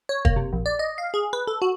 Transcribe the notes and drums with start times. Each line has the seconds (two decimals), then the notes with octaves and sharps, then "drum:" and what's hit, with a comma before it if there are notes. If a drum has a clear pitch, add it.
0.09 C#5
0.25 A#3, drum: kick
0.36 C3
0.53 A#1
0.66 D5
0.79 D#5
0.98 F5
1.14 G#4
1.33 B4
1.47 A4
1.62 F#4